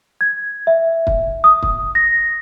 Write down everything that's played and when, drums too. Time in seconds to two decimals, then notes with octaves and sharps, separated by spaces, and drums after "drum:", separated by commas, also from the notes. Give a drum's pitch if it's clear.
0.21 G#6
0.67 E5
1.07 drum: kick
1.44 D#6
1.63 drum: kick
1.95 A#6